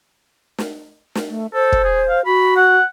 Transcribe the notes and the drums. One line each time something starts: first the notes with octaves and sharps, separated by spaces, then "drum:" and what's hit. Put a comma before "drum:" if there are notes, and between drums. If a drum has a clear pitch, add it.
drum: snare
drum: snare
A3
A4 C5
drum: kick
G#4
F5
F#4 B5
F#5